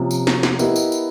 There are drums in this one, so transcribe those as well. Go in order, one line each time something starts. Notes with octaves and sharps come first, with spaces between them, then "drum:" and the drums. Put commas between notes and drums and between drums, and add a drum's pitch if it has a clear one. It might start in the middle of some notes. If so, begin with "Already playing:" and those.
Already playing: C3 F3 A#3 C#4
drum: tambourine
drum: snare
drum: snare
B3 E4 G4 A#4 D#5, drum: tambourine
drum: tambourine
drum: tambourine